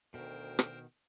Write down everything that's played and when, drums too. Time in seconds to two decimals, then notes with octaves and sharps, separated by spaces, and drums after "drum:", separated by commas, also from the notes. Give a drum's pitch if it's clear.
0.14 D2 B2 D#3 A#4 C5 G5
0.59 drum: rim click